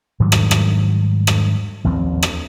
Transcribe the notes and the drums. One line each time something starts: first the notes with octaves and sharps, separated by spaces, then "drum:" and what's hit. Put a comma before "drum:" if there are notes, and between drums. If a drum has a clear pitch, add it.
G#2 D#3 F#3 G3
drum: rim click
drum: rim click
drum: rim click
A1 D#2 F3 C4
drum: rim click